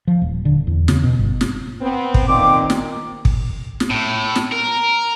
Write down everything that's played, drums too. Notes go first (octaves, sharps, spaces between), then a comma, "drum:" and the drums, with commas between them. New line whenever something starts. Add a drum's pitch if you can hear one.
F3
D#1
D3
E2
C#3, drum: snare
B2
G1
drum: snare
B3 C4
drum: kick
A#2 D#3 C4 D6
drum: snare
drum: kick
drum: snare
A2
drum: snare
A#4